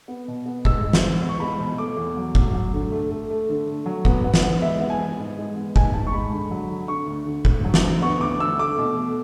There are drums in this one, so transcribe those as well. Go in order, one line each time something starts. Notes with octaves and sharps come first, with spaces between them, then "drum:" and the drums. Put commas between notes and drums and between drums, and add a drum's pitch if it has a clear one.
B3
B2
B3
G#3 E6, drum: kick
G#3
drum: snare
G#3
B3
C#6
G#3 B5
B2
A3 D6
E2
F#3
F#3, drum: kick
F#3
D3
A3
A3
A3
D3
A3
F#3
B3, drum: kick
B3
drum: snare
B3
G#3 E5
B3
G#5
B3
G#2
G#3
B3
G#2 G#5, drum: kick
G#2 A5
C#6
G#3 B5
D3
F#3
D3
D3 C#6
D2
D3
D2, drum: kick
F#3
drum: snare
D2
B3 C#6
D2 D6
D2 E6
A3 D6
B2
A3